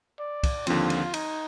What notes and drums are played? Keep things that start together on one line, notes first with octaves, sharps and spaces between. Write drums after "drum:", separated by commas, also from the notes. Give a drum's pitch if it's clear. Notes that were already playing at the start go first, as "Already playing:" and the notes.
D5
drum: kick, cymbal
D#2 D3 F3 C4 F4, drum: cymbal
drum: cymbal
D#4, drum: cymbal